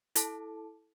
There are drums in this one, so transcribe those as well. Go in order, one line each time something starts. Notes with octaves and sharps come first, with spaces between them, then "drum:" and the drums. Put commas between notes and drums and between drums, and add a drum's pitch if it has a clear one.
E4 A4 A5, drum: hi-hat